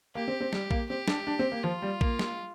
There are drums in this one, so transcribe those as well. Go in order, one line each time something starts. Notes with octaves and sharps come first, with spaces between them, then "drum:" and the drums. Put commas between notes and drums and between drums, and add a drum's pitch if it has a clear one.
A#3 G4
C4
C4
G3, drum: snare
A#3, drum: kick A#1
C4 G4
D4, drum: snare
D4
C4
A#3
F3 F4
G3
A#3, drum: kick A#1
drum: snare